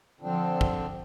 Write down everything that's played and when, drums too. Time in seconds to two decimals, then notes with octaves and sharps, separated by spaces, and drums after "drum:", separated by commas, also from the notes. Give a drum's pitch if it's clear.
0.21 D3 F3 C4 D4
0.61 drum: kick